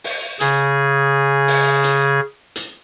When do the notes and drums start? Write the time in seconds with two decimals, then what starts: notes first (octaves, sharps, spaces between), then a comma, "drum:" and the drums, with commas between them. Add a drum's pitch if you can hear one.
0.04 drum: open hi-hat
0.40 C#3 G#4, drum: hi-hat
1.48 drum: open hi-hat
1.84 drum: hi-hat
2.56 drum: hi-hat